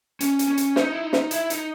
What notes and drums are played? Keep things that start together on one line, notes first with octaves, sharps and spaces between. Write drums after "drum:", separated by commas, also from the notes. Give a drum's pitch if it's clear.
C#4, drum: hi-hat
drum: hi-hat
C#4
drum: hi-hat
D#4, drum: snare
E4
D#4
drum: snare
E4, drum: hi-hat
D#4, drum: hi-hat